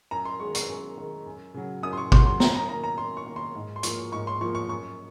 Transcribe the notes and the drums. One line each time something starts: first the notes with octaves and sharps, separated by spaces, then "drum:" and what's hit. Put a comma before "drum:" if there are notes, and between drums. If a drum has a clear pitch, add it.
F#2 A#5
C6
D#3 G#3 C#6
C#6, drum: hi-hat
F#2
D#3 G#3
F#2
C#3 F#3
F#2 D#6
C6
C#6
C#3 F#3 C6, drum: kick
C6
F#2 A#5, drum: snare
A#5
D#3 A#3 A#5
A#5
F#2 C6
C#6
D#3 A#3
C6
G#2
C6
F3 A#3 C#6, drum: hi-hat
G#2 C#6
C6
F3 A#3 C#6
C#6
F#2 C#6